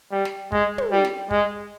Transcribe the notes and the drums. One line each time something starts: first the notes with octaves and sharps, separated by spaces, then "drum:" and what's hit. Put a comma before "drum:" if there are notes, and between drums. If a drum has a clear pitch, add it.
G3
drum: snare
G#3, drum: kick
drum: tom
G3
drum: snare
G#3, drum: kick